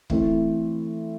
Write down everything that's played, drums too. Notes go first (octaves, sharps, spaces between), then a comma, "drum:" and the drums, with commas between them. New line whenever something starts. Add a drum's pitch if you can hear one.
E3 A3 C4 E4, drum: kick